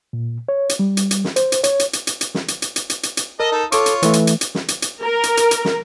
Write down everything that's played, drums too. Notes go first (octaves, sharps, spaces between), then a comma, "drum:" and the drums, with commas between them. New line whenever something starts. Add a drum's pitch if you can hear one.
A#2
C#5
drum: hi-hat
G3
drum: hi-hat
drum: hi-hat
drum: snare
C5, drum: hi-hat
drum: hi-hat
C#5, drum: hi-hat
drum: hi-hat
drum: hi-hat
drum: hi-hat
drum: hi-hat
drum: snare
drum: hi-hat
drum: hi-hat
drum: hi-hat
drum: hi-hat
drum: hi-hat
drum: hi-hat
A4 A#4 D#5
D#4 A4
F4 A4 C#5 D6, drum: hi-hat
drum: hi-hat
E3 A3, drum: hi-hat
drum: hi-hat
drum: hi-hat
drum: hi-hat
drum: snare
drum: hi-hat
drum: hi-hat
A#4
drum: hi-hat
drum: hi-hat
drum: hi-hat
drum: snare